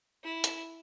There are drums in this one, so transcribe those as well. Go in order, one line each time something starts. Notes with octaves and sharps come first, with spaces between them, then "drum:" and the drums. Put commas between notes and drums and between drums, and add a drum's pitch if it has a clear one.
E4
drum: hi-hat